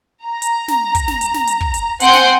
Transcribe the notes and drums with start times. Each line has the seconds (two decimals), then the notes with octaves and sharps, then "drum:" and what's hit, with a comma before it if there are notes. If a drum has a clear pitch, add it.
0.25 A#5
0.42 drum: hi-hat
0.68 drum: snare
0.95 drum: kick, hi-hat
1.08 drum: snare
1.21 drum: hi-hat
1.34 drum: snare
1.47 drum: hi-hat
1.61 drum: kick
1.74 drum: hi-hat
2.00 C4 F#5 G#5 C6 G6 D7, drum: hi-hat
2.13 drum: snare